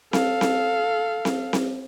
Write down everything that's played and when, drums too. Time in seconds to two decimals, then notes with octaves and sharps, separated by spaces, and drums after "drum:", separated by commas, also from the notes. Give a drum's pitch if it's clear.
0.13 A4 F5, drum: snare C4
0.41 drum: snare C4
1.25 drum: snare C4
1.53 drum: snare C4